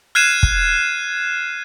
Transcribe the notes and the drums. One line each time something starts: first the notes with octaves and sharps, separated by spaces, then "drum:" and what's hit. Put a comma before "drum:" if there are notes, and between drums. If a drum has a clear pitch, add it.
F6 F#6 G#6 C7 D#7 E7
drum: kick